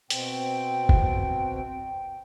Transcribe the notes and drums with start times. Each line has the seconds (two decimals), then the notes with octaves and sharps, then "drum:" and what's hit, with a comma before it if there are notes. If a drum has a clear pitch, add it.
0.10 B2 C4 G5, drum: hi-hat
0.89 drum: kick G1